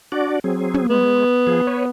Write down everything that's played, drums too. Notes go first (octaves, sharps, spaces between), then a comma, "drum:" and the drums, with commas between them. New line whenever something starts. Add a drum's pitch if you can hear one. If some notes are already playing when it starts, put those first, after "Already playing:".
D4 F#4 D5
F#3 C4 G#4
drum: tom
G#3 B3
F3 G#4
B4 C#5